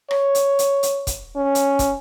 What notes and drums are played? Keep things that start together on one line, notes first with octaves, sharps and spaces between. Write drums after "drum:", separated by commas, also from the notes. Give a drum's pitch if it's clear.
C#5, drum: rim click
drum: hi-hat
drum: hi-hat
drum: hi-hat
drum: kick, hi-hat
C#4
drum: hi-hat
drum: kick, hi-hat